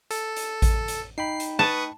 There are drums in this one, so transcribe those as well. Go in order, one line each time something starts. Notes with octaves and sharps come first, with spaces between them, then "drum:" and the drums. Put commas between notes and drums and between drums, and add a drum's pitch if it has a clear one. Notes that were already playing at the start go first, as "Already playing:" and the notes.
A4, drum: hi-hat
drum: hi-hat
drum: kick A1, hi-hat
drum: hi-hat
D#4 G5 B5 C7
drum: hi-hat
B4 A5 C#6 D#6